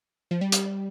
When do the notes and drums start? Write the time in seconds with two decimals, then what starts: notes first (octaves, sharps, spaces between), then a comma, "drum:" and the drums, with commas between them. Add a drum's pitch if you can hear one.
0.31 F3
0.41 G3
0.52 drum: hi-hat